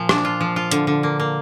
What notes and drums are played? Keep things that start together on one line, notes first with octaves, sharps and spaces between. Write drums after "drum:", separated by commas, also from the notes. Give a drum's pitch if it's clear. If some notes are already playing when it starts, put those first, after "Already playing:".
Already playing: A#2 F3
D4, drum: rim click
F4
F3
F4
D3, drum: hi-hat
D3
A#3
A#3